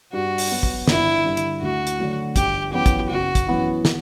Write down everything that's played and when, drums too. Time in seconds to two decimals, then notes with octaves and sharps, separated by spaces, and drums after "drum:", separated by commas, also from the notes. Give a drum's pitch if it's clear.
0.13 G2 F#4
0.38 drum: open hi-hat
0.51 F#3 B3
0.63 drum: kick
0.88 G1 E4, drum: snare
1.25 G2 D3
1.37 drum: hi-hat
1.62 D2 F#4
1.87 drum: hi-hat
1.99 D3 F#3 A3
2.36 G1 G4, drum: kick, hi-hat
2.73 F#2 E3 B3 E4 G4
2.86 drum: kick, hi-hat
3.10 F#1 F#4
3.35 drum: kick, hi-hat
3.47 F#2 E3 B3 E4
3.85 drum: snare